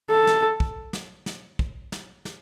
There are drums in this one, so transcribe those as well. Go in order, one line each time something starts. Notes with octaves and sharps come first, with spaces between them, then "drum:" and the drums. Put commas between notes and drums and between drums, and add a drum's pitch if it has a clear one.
A4
drum: snare
drum: kick
drum: snare
drum: snare
drum: kick
drum: snare
drum: snare